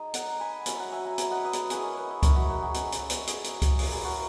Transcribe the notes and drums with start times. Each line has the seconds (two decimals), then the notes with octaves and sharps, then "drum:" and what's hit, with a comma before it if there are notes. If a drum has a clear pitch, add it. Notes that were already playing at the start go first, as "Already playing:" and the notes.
Already playing: G#3 D#4 G#5
0.14 F#5 A#5, drum: hi-hat
0.40 G#5 B5
0.66 F#3 C#4 E4 G#5 B5, drum: hi-hat
0.80 F#5 A#5
0.92 E5 G#5
1.05 F#5 A#5
1.18 E5 G#5, drum: hi-hat
1.31 D#5 F#5
1.44 B4 D#5
1.53 drum: hi-hat
1.70 G#3 C#4 E4 G#4 B4, drum: hi-hat
1.83 A#4 C#5
1.97 B4 D#5
2.10 C#5 E5
2.23 A#4 C#5, drum: kick C#2, hi-hat
2.35 F#4 A#4
2.49 F#4
2.62 G#4
2.74 G#3 C#4 E4, drum: hi-hat
2.92 drum: hi-hat
3.10 drum: hi-hat
3.27 G#4, drum: hi-hat
3.44 drum: hi-hat
3.62 drum: kick C#2, hi-hat
3.79 A#3 C#4 E4 G#4, drum: open hi-hat
3.92 G#4
4.05 F#4 A#4